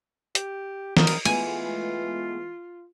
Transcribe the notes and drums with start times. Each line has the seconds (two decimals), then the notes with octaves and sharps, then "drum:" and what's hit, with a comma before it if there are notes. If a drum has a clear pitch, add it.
0.35 G4, drum: hi-hat
0.97 A#4 D#5, drum: snare
1.07 drum: cymbal
1.25 E3 G#3 A3 B3 F4 G#5, drum: cymbal